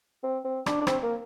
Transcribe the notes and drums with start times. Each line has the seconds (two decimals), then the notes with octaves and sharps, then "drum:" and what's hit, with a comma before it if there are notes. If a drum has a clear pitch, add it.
0.23 C4
0.45 C4
0.66 D4, drum: rim click
0.81 D4
0.87 C4, drum: rim click
1.03 A#3